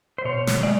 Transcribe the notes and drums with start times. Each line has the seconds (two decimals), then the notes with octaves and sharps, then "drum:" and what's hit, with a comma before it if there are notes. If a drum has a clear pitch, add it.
0.18 C5
0.25 B2 C#5
0.47 drum: snare
0.63 G#3 D5